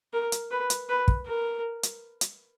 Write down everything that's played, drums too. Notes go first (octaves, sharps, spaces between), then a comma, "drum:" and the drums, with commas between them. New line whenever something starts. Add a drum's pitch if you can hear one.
A#4
drum: hi-hat
B4
drum: hi-hat
B4
drum: kick
A#4
drum: hi-hat
drum: hi-hat